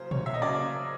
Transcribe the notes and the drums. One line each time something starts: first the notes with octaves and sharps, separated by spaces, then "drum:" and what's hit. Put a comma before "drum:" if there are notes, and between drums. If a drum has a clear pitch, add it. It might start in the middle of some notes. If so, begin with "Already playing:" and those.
Already playing: C#3 F#3 A#3 C5
C#5, drum: tom A#2
E5
D#5
C#3 F#3 A#3 D5